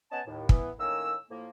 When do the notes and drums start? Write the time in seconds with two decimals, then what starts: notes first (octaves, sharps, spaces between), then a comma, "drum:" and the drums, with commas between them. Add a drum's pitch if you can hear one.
0.12 B3 C#4 D#5 F#5 G#5 A5
0.27 D#2 A2
0.49 E3 B3, drum: kick
0.79 A2 D#3 A#3 C#4 E6
1.30 A2 F3 A#3